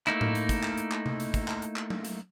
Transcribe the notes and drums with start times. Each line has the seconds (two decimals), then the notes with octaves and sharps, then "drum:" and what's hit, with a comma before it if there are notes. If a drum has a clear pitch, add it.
0.07 A3 A#3 D#4 E4, drum: clap
0.21 drum: tom A2
0.35 drum: hi-hat
0.49 drum: kick, hi-hat
0.63 drum: clap
0.77 drum: hi-hat
0.92 drum: clap
1.06 drum: tom C3
1.20 drum: hi-hat
1.34 drum: kick, hi-hat
1.48 drum: clap
1.62 drum: hi-hat
1.76 drum: clap
1.90 drum: tom F#3
2.05 drum: hi-hat